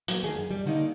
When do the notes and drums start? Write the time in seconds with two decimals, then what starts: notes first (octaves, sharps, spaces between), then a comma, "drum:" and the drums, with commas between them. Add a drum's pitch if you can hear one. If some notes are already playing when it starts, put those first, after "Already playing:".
0.08 F#3 A#3 B3, drum: hi-hat
0.23 D#3 A3 A#3 G#4
0.36 F#2
0.51 G3
0.66 D3 D#3 A#3 B3 D#4